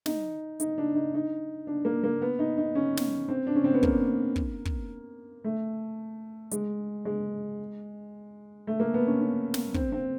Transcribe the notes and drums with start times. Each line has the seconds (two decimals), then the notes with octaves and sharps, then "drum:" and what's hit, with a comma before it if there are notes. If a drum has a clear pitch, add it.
0.06 D#4, drum: snare
0.60 D#4, drum: hi-hat
0.78 D4
0.95 D#4
1.14 D#4
1.67 D4
1.85 A#3
2.03 A#3
2.22 B3
2.39 D#4
2.57 D#4
2.75 C#4
2.97 drum: snare
3.28 C4
3.47 D4
3.55 C#4
3.64 C4
3.74 B3
3.83 A#3, drum: kick
4.36 drum: kick
4.65 drum: kick
5.44 A3
6.52 G#3, drum: hi-hat
7.05 G#3
8.67 A3
8.80 A#3
8.94 B3
9.07 C#4
9.21 C#4
9.54 drum: snare
9.74 C4, drum: kick
9.92 C4